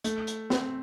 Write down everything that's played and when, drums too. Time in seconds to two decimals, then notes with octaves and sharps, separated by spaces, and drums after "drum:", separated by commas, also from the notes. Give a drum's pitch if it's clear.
0.04 A3, drum: hi-hat
0.27 drum: hi-hat
0.50 C4, drum: snare